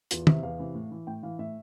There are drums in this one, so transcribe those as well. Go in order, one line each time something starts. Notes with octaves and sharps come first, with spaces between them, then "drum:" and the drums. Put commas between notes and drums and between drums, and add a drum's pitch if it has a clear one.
E2 F4, drum: hi-hat
C3 E3 E5, drum: tom
E2 F5
C3 E3
A2
E3
A2 G5
E3 F5
A2 E5